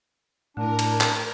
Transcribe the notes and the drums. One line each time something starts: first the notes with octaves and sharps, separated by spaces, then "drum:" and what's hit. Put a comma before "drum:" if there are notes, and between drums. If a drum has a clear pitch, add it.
A2 A3 D4 E4 A#4
drum: cymbal
drum: clap